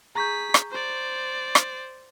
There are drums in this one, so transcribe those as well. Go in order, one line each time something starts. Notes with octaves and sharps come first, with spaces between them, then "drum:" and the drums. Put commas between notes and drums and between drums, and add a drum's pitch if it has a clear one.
G#4 A#5 C#6 G6 B6
drum: rim click
C5 D5
drum: rim click